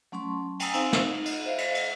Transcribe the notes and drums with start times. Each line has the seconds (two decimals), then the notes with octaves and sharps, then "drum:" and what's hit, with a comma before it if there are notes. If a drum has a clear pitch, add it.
0.12 F#3 A3 C#4 A5 C6 C#6
0.60 G5 G#5 A#5 D#6 E6, drum: cymbal
0.73 C4 D#4 C5 F5 E6, drum: cymbal
0.93 drum: snare
1.04 D#4
1.25 drum: cymbal
1.45 C5 E5 F5
1.58 drum: cymbal
1.75 drum: cymbal